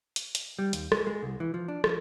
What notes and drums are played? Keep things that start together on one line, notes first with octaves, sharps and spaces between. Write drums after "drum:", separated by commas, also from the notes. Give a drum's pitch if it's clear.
drum: hi-hat
drum: hi-hat
G3
D#2, drum: hi-hat
G#3, drum: rim click
G#3
C2
E3
F3
D4
F3, drum: rim click